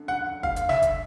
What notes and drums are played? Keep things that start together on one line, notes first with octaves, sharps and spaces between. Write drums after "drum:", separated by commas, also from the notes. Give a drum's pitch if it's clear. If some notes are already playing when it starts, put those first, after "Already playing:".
Already playing: F#2 D3
F#5
F5, drum: kick
drum: hi-hat
E5, drum: snare
drum: kick, hi-hat